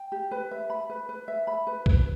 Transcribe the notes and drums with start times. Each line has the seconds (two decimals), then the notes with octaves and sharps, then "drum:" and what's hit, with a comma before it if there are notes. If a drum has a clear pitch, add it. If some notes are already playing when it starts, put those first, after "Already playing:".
Already playing: G5
0.12 G4
0.31 B4
0.51 E5
0.70 B5
0.90 B4
1.09 B4
1.28 E5
1.47 B5
1.67 B4
1.86 B4, drum: kick C2